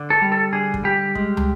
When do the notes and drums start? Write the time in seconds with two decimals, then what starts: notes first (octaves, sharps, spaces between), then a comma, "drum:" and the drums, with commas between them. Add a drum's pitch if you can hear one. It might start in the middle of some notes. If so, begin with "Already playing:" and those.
Already playing: D3
0.10 A4
0.22 G3
0.32 A4
0.53 D3 G#4
0.74 drum: kick
0.84 G3 G4
1.15 G#3, drum: kick
1.37 drum: tom